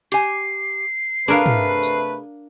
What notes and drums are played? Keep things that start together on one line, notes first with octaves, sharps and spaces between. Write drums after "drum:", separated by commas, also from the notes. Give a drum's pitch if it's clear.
G4 G#5 C7, drum: hi-hat
C3 A3 D4 G#4 A#4 B4 F5
drum: tom
drum: tambourine